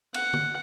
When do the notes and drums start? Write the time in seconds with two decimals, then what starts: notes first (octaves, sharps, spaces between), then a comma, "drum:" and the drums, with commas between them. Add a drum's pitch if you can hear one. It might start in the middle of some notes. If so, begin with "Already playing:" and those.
0.14 F#5, drum: cymbal
0.33 drum: tom